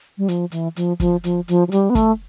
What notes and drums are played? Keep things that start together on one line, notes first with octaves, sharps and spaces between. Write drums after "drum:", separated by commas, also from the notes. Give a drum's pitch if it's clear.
G3
F3, drum: hi-hat
E3, drum: hi-hat
F3, drum: hi-hat
F3, drum: kick F#1, hi-hat
F3, drum: hi-hat
F3, drum: hi-hat
F3
G3, drum: hi-hat
B3
A3, drum: kick F#1, hi-hat